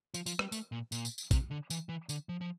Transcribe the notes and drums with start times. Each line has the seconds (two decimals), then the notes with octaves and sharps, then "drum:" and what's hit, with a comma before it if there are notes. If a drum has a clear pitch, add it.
0.14 F3, drum: tambourine
0.26 F3, drum: tambourine
0.39 G3, drum: rim click
0.52 A3, drum: tambourine
0.72 A#2
0.92 A#2, drum: tambourine
1.05 drum: tambourine
1.18 drum: tambourine
1.31 C3, drum: kick, tambourine
1.51 D3
1.70 E3, drum: tambourine
1.89 E3
2.09 D3, drum: tambourine
2.29 F3
2.41 F3